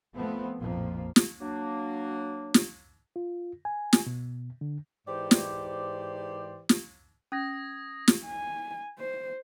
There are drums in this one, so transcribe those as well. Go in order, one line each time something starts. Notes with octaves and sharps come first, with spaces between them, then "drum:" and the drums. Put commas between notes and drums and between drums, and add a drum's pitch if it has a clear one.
F3 A3 B3 C4
A#1 F2 A2 F3 A#3
drum: snare
F#3 A#3 D4
drum: snare
F4
G#5
drum: snare
B2
D3
G#2 E3 G4 C5 D5
drum: snare
drum: snare
C#4 D#6 G#6 A#6
drum: snare
G#5
C5